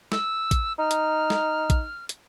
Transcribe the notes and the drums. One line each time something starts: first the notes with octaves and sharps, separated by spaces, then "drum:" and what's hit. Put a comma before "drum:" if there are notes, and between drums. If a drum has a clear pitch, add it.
E6, drum: snare
drum: kick, hi-hat
D#4 F6
drum: hi-hat
drum: snare
drum: kick, hi-hat
drum: hi-hat